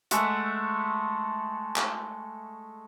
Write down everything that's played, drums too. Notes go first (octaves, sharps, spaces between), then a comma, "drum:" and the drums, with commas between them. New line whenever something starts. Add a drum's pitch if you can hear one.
G#3 A3 E5 F#5, drum: hi-hat
drum: clap